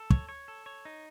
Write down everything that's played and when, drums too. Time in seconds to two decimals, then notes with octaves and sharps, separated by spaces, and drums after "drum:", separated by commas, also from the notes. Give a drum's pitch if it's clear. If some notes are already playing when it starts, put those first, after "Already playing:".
Already playing: A4
0.10 C#5, drum: kick
0.29 C#5
0.48 A4
0.66 C#5
0.85 D#4